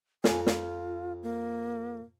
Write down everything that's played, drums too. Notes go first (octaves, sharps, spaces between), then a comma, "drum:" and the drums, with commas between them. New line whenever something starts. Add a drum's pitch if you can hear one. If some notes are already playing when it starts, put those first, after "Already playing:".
F2 F5 G#5, drum: snare
F4, drum: snare
A#3